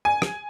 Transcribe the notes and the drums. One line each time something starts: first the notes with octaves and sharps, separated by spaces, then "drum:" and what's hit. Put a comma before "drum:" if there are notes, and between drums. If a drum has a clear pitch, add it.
G#5
drum: rim click